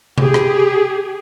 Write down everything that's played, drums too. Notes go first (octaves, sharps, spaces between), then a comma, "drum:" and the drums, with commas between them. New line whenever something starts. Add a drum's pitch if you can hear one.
G4 G#4, drum: tom C3
drum: rim click